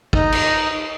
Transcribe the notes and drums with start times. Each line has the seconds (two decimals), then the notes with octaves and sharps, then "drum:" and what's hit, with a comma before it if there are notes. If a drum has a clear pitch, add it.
0.13 D#4, drum: kick
0.32 drum: cymbal